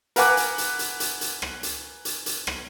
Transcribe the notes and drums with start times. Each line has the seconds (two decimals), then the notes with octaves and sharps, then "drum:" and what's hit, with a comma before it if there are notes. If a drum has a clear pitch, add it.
0.16 A#4 B4 F#5 G#5 D6 F#6, drum: hi-hat
0.37 drum: hi-hat
0.58 drum: hi-hat
0.79 drum: hi-hat
1.00 drum: hi-hat
1.21 drum: hi-hat
1.42 drum: rim click
1.63 drum: hi-hat
2.05 drum: hi-hat
2.26 drum: hi-hat
2.47 drum: rim click